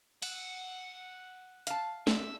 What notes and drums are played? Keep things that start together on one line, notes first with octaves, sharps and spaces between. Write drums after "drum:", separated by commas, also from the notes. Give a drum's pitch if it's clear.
F#5, drum: cymbal
F5 A5, drum: hi-hat
E5, drum: snare